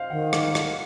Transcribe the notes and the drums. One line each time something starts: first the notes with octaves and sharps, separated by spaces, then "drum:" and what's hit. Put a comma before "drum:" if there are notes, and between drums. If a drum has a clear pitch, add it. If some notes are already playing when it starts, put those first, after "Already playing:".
Already playing: C5 D#5 F5
D#3 F#5
drum: rim click
F#5
drum: rim click